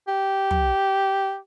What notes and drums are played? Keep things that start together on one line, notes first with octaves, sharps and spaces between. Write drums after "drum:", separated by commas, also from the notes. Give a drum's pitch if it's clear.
G4
drum: tom